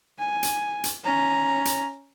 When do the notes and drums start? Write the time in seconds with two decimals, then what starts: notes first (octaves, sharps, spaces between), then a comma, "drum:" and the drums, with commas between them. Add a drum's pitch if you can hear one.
0.18 G#5
0.43 drum: hi-hat
0.84 drum: hi-hat
1.04 C#4 A#5
1.65 drum: hi-hat